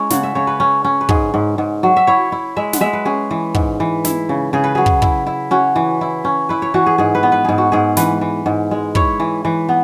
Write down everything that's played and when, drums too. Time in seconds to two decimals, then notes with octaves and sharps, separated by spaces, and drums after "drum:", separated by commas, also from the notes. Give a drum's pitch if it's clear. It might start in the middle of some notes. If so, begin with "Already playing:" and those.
Already playing: G#3 C#4 E4
0.10 C#3 F#5, drum: snare
0.23 E5
0.35 C#3 C#5
0.47 B4
0.60 C#4
0.84 C#4
1.01 B4
1.09 G#2 G#4, drum: kick
1.34 G#2
1.58 G#2
1.83 F#3
1.97 E5
2.07 E4 C#5
2.32 E4
2.57 G#3 E5
2.73 F#5, drum: snare
2.81 G#3 E5
2.93 B4
3.05 C#4 G#4
3.31 E3
3.55 G#2, drum: kick
3.80 E3
4.05 E4, drum: snare
4.29 C#3
4.53 C#3 G#4
4.64 B4
4.75 F#3 G#4
4.86 drum: kick
5.02 E4, drum: kick
5.27 E4
5.51 C#4 F#4
5.76 E3
6.01 E4
6.25 C#4
6.49 E4 B4
6.62 C#5
6.74 E3 F#4
6.86 G#4
6.98 G#2 G#4
7.15 B4
7.23 B3
7.32 B4
7.45 G#2 G#4
7.58 F#4
7.72 G#2 G#4
7.97 E3 B4, drum: snare
8.21 E3
8.46 G#2
8.71 G#3
8.95 E4 C#5, drum: kick
9.20 E3
9.45 E3
9.69 B3